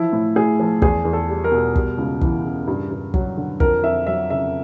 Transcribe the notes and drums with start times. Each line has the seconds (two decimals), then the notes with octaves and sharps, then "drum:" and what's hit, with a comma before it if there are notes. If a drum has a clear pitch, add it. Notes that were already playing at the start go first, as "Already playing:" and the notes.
Already playing: E3 F3 E4
0.13 A2
0.36 A2 G#4
0.60 F3
0.82 E2 G#4, drum: kick
1.05 E2
1.13 A4
1.29 G3
1.44 A#4
1.52 B2
1.76 G3, drum: kick
1.98 C#2
2.21 E3, drum: kick
2.44 C#3
2.68 G2
2.91 G2
3.14 F#3, drum: kick
3.37 D3
3.60 F2 A#4, drum: kick
3.83 F2 E5
4.07 F#3 E5
4.30 C#3 E5